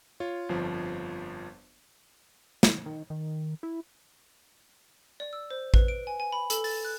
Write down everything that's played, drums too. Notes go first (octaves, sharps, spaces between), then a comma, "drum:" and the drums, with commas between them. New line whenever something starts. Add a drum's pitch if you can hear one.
F4 C#5
G1 F2 F3
drum: snare
D#3
D#3
E4
D5
E6
C5
B4, drum: kick A1
D7
G#5
G#5
B5
A4, drum: hi-hat
A6, drum: open hi-hat
F#6